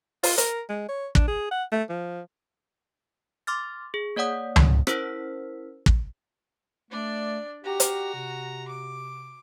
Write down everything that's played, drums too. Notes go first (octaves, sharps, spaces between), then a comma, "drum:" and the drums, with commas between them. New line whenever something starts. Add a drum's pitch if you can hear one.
F4, drum: open hi-hat
A#4, drum: hi-hat
G#3
C#5
D4, drum: kick
G#4
F#5
A3
F3
C6 D6 F6 A6
G#4
A#3 C#5 D5 F#5 D#6
drum: tom C#2
C#4 E4 A#4 C5 E6 B6, drum: rim click
drum: kick
A3 D4 D5
F#4 G4 A#5
drum: hi-hat
C3
D6